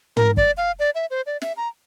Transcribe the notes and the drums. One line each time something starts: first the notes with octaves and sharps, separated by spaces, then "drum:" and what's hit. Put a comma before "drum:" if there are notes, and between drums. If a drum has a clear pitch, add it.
A#4, drum: tom
D5, drum: kick
F5
D5
E5
C5
D5
E5, drum: snare
A#5